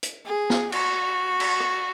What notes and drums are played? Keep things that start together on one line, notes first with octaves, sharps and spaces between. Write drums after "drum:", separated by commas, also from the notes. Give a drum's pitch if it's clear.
drum: hi-hat
G#4
drum: snare
F#4, drum: cymbal
drum: cymbal
drum: rim click